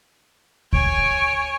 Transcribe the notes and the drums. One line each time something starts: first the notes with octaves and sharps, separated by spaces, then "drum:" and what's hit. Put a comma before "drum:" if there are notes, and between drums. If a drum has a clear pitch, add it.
C#5 G#5 D7, drum: kick C#2